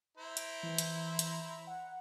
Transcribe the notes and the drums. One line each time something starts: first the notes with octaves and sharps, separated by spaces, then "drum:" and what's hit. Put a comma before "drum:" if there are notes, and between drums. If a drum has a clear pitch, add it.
E4 C5 A#5
D7, drum: hi-hat
E3
drum: hi-hat
drum: hi-hat
F#5